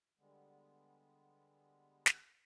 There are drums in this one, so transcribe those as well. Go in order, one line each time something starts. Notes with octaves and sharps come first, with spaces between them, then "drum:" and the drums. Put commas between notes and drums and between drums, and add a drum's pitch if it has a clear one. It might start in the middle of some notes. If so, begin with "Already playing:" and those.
D3 G3 G#3 B3
drum: snare